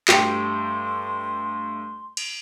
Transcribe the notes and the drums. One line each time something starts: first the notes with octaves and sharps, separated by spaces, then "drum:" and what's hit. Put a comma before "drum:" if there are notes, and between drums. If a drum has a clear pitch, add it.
G2 A3 G4 G5 C6, drum: clap
drum: cymbal